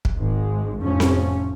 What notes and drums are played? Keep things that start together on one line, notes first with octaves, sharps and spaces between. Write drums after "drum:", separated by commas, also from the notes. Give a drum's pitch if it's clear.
drum: kick
G#1 G#3
F1 A2 F3 A3 C#4
drum: snare C4